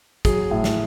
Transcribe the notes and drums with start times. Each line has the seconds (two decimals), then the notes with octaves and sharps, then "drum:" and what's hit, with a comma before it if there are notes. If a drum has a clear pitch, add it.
0.25 F#3 G#4, drum: kick, hi-hat
0.51 A2
0.64 drum: snare